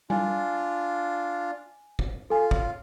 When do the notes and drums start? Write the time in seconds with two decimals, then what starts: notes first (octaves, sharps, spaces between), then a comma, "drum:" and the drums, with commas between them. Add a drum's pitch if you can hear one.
0.10 D4 F4 G#5, drum: tom G3
1.99 drum: kick
2.30 F4 A4 G#5
2.51 C#5, drum: kick